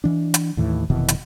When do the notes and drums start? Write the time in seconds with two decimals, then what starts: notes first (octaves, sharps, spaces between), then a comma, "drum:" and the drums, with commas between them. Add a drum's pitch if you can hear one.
0.04 E3 D4
0.34 drum: hi-hat
0.57 D#2 A2 E3
0.90 F1 B2 D#3 E3
1.08 drum: hi-hat